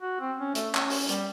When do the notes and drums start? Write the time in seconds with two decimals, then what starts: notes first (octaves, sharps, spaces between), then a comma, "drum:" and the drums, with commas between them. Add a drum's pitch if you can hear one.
0.01 F#4
0.20 C4
0.39 C#4
0.55 A3, drum: hi-hat
0.75 C#4, drum: clap
0.90 drum: open hi-hat
1.09 G3, drum: hi-hat